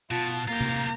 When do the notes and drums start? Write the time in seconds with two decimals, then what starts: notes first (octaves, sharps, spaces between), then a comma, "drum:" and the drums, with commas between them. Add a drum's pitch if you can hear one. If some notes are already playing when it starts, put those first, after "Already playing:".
0.11 B2 F4 A5
0.48 A#3 F4 G4 A#5
0.60 drum: tom C3